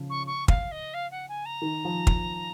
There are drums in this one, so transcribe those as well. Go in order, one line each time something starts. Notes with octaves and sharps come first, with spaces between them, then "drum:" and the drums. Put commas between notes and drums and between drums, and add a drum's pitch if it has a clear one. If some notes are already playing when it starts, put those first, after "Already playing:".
Already playing: C#3 F3
C#6
C#6
F5, drum: kick
D#5
F5
F#5
G#5
A#5
D#3
F3
drum: kick